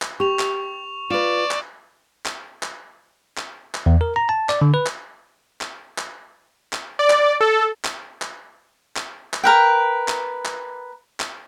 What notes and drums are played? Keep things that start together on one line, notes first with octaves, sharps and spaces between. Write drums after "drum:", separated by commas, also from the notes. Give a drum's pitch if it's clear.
drum: clap
G4 C#6 F7
drum: clap
F4 B4 D5 E7
drum: clap
drum: clap
drum: clap
drum: clap
drum: clap
E2
A#4
A#5
A5
D5, drum: clap
D3
B4
drum: clap
drum: clap
drum: clap
drum: clap
D5
drum: clap
A4
drum: clap
drum: clap
drum: clap
drum: clap
A#4 B4 G5
drum: clap
drum: clap
drum: clap